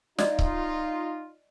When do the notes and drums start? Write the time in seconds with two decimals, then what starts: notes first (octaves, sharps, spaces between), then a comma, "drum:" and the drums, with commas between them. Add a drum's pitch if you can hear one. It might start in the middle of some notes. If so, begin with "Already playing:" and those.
0.18 D#4 F4 D5 D#5, drum: snare
0.39 drum: kick C#1